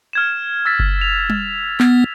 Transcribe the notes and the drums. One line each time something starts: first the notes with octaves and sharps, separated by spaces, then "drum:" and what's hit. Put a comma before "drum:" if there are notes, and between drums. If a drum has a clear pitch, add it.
F6 G#6 E7
E6 A6 B6
drum: kick F#1
F7
drum: tom G3
B3, drum: clap